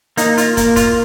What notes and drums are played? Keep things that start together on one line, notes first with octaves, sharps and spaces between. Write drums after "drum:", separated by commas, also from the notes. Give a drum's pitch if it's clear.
A#3 D#4, drum: hi-hat
F4, drum: hi-hat
A#3, drum: kick, hi-hat
F4, drum: kick, hi-hat